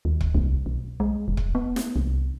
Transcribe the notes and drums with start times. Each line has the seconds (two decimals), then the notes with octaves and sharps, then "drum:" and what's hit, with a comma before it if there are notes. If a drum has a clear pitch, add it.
0.05 D#2
0.21 drum: kick C#1
0.35 C2
0.66 B1
1.00 G#3
1.28 F1
1.37 drum: kick C#1
1.55 B3
1.76 drum: snare
1.96 C2